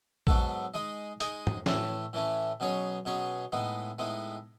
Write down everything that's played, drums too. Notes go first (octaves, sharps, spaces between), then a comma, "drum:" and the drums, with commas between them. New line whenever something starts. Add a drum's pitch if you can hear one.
G#2 F#3 B3 F#4 A4, drum: kick A#1
G#3 D#4 G#4 D#5
G#3 D#4 G#4 D#5, drum: hi-hat
drum: tom
A2 E3 A3 C#4, drum: snare
A2 E3 A3 C#4
B2 F#3 C#4 G#4 C#5
B2 F#3 C#4 G#4 C#5
A2 G#3 B3 D#4
A2 G#3 B3 D#4